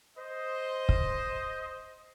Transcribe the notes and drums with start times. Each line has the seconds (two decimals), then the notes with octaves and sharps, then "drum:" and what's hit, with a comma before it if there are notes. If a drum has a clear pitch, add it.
0.17 C5 D#5
0.89 drum: kick